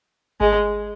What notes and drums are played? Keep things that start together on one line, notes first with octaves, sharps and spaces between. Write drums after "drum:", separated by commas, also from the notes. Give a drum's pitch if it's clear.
G#3, drum: kick G#1